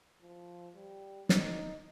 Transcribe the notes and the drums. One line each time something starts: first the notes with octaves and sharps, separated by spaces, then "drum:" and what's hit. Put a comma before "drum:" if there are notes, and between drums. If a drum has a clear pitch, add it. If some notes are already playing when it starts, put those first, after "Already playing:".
F3
G3
D#4, drum: snare